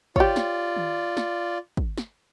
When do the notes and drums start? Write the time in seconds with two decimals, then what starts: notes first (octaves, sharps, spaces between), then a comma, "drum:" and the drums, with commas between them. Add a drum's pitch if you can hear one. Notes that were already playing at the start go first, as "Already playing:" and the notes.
0.16 F4 G4 C#5 D5, drum: kick
0.36 drum: snare
0.76 drum: tom D#3
1.17 drum: snare
1.77 drum: kick
1.98 drum: snare